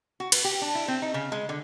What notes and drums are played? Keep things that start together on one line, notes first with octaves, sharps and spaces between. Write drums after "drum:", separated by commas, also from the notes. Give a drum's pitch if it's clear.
F#4
B4, drum: cymbal
G4
D4
E4
C4
D#4
C#3
G#3
D3